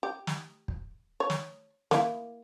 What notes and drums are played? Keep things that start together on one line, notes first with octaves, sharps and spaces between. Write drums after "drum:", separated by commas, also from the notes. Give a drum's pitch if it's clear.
G4
drum: snare
drum: kick
C#5
drum: snare
A#3 E4, drum: snare